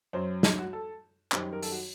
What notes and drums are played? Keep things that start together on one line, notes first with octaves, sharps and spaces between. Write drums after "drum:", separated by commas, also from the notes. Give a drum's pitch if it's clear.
F#2 F#3 C5
D#4, drum: snare
F#4
A4
F#2 D#3 G3 C5, drum: clap
A#4
A4, drum: open hi-hat
F#4